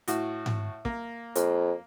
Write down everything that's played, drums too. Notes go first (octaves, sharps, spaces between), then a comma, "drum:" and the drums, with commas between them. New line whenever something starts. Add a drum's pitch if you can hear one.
A2 F#4, drum: hi-hat
drum: tom G#2
A#3, drum: kick
F2, drum: hi-hat